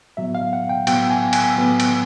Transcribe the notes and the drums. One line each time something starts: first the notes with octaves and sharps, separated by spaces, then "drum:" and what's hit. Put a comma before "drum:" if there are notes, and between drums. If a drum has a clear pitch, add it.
A2 F#3 B3 E5
F5
F#5
G5
A2 F#3 B3 G5, drum: cymbal
G#5
G#5, drum: cymbal
A2 F#3 B3
drum: cymbal